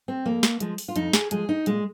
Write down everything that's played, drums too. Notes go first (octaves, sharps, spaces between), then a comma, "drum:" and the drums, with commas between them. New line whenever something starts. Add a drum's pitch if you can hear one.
C4
F2 A#3
drum: snare
F3 G#3, drum: hi-hat
drum: open hi-hat
F4
F2 D#4, drum: hi-hat
G#4, drum: snare
F3 G#3 G#4, drum: hi-hat
D#4
A#2 G#3, drum: hi-hat